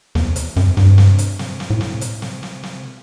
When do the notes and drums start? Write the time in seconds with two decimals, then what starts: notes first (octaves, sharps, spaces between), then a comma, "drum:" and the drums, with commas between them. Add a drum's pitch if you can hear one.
0.15 E2, drum: snare
0.36 drum: hi-hat
0.56 F#2, drum: snare
0.77 G2, drum: snare
0.98 drum: snare
1.19 drum: hi-hat
1.39 drum: snare
1.60 drum: snare
1.70 A2
1.81 drum: snare
2.01 drum: hi-hat
2.22 drum: snare
2.43 drum: snare
2.63 drum: snare